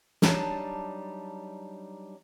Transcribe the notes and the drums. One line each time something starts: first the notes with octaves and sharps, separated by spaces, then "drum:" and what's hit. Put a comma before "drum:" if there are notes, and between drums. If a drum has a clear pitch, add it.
F#3 G3 D4 D#4 A5, drum: snare